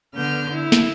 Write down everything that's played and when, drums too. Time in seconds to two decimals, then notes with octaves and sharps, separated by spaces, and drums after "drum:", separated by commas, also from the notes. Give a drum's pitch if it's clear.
0.14 D3 B3 F6 G6
0.52 E4
0.72 drum: snare